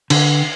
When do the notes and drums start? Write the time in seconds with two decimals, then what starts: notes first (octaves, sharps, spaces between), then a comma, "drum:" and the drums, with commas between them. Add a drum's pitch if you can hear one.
0.10 D3, drum: cymbal